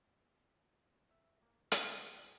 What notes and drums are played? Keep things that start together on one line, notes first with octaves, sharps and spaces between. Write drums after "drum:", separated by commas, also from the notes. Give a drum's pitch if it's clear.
E5
A#3
F#2, drum: hi-hat
A1